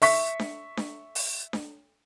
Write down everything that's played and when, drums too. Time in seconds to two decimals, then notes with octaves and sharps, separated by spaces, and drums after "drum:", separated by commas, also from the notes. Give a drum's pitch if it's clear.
0.02 E5 C#6 B6, drum: open hi-hat
0.39 drum: snare D4
0.77 drum: snare D4
1.15 drum: open hi-hat
1.53 drum: snare D4